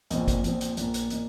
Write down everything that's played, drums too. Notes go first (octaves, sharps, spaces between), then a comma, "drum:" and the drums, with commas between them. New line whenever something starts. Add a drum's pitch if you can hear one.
A#1 A#2 F3 C4 D#5, drum: hi-hat
drum: kick G#1, hi-hat
A#1 A#2 F3 C4, drum: hi-hat
drum: hi-hat
A#1 A#2 A#3, drum: hi-hat
drum: hi-hat
A#2 A#3 D#5, drum: hi-hat